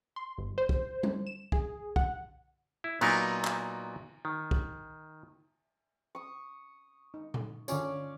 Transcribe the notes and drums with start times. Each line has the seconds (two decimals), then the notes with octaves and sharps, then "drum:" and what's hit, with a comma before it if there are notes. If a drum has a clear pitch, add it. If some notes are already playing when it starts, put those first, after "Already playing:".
0.16 C6
0.38 G1
0.58 C5
0.69 drum: kick
1.03 drum: tom G3
1.27 E7
1.52 G#4, drum: kick
1.96 F#5, drum: kick
2.84 E4
3.01 A#2 F#3 B3 D#4 A#4, drum: cymbal
3.45 drum: clap
4.25 D#3
4.51 drum: kick
6.15 C#6 D#6
7.14 D#4
7.34 drum: tom A#2
7.68 D3 C#4 F4 C#5 D5 F5, drum: tambourine